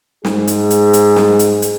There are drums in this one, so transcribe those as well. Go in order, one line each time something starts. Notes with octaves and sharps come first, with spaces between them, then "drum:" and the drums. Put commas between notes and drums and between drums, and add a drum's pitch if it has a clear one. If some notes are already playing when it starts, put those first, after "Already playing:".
G#2 G#4, drum: snare
drum: hi-hat
drum: hi-hat
drum: hi-hat
drum: snare
drum: hi-hat
drum: hi-hat